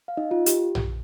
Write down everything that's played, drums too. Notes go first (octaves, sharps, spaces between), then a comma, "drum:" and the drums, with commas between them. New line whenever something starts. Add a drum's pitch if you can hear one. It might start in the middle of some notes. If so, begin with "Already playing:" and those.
F5
D#4 D#5
F4
G4, drum: hi-hat
drum: tom A#1